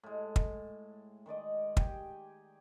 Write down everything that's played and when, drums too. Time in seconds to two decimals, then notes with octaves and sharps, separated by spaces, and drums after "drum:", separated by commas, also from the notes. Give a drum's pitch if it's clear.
0.03 A2 G#3
0.36 drum: kick
1.26 D#3 G#3 D5 D#5
1.77 G4 G5 G#5, drum: kick